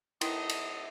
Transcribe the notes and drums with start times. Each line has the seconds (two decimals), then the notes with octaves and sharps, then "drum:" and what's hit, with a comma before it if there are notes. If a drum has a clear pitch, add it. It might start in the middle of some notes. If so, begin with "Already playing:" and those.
0.21 D#3 B3 E4 A4 D#5 D#6, drum: cymbal
0.49 drum: cymbal